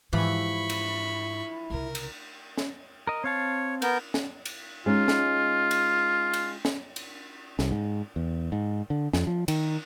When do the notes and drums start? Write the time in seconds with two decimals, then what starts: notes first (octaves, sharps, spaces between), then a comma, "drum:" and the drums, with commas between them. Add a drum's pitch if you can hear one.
0.13 G#2 E3 F3 E4 G4 B5 C#6
0.70 drum: cymbal
1.70 C2 C#3 A#4
1.95 drum: cymbal
2.58 drum: snare
3.07 A#4 D#5
3.24 C4 C#5 F5 A5
3.82 B3 A#4 G6, drum: cymbal
4.14 drum: snare
4.45 drum: cymbal
4.86 G#3 C#4 D#4 F4
5.08 drum: snare
5.71 drum: cymbal
6.33 drum: cymbal
6.65 drum: snare
6.96 drum: cymbal
7.59 C2, drum: snare
7.71 G#2
8.16 E2
8.52 G#2
8.90 D3
9.13 F2, drum: snare
9.27 F3
9.48 D#3, drum: cymbal